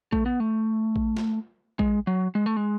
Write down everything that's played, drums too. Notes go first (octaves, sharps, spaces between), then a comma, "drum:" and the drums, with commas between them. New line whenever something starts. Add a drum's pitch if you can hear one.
A3, drum: kick A#1
B3
A3
drum: kick A#1
drum: snare
G#3, drum: kick A#1
F#3
G#3
A3
G#3